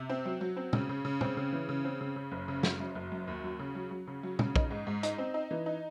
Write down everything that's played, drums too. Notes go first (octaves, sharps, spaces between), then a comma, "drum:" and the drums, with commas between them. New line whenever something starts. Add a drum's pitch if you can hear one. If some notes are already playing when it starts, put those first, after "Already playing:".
Already playing: C3
C4
F#3
F#3
C4
C#3, drum: tom
C#3
C#3
C4, drum: tom
C#3
E3
C#3
C4
C#3
C#3
F#1
C#3
F#1, drum: snare
F#2
F#1
F#2
D#2
F#3
C#3
F#3
F#3
C#3
F#3
C#3, drum: tom
D#4, drum: kick
G#2
G#2
D#4, drum: hi-hat
C4
D#4
E3
D#4